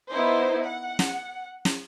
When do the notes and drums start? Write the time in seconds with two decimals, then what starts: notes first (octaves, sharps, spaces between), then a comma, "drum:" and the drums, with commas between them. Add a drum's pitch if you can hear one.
0.12 B3 D#4 E4 C5
0.66 F#5
0.99 drum: snare
1.65 drum: snare